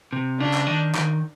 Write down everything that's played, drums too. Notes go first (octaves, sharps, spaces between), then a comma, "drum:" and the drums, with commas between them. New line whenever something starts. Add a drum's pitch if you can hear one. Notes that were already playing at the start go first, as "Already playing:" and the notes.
C3
C#3 D4
drum: clap
D#3
D#3, drum: clap